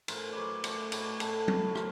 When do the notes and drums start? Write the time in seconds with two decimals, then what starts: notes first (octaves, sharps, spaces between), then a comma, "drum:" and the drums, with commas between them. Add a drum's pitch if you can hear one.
0.08 A2 A#4 C5, drum: cymbal
0.32 F#3 B4 C#5 D5
0.64 A3 C5 D5, drum: cymbal
0.92 A2 B4 C#5, drum: cymbal
1.20 A2 A4 B4, drum: cymbal
1.48 F#3 B4 C#5, drum: tom F#3
1.75 A3 A#4 C5, drum: rim click